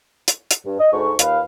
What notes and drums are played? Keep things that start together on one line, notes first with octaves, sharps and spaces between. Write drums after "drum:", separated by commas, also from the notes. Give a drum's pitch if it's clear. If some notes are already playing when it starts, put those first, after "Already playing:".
drum: hi-hat
drum: hi-hat
G2
D#5
D2 G#2 C#6
D#2 F4 B4 F5, drum: hi-hat